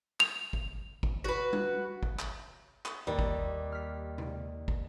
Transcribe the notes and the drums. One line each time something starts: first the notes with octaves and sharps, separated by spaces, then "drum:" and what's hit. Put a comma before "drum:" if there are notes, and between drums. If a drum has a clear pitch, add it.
F7, drum: clap
drum: kick
drum: kick
F#4 B4
drum: tom G3
drum: kick
drum: clap
drum: clap
D#2 G3
drum: kick
F6 B6
drum: tom C3
drum: kick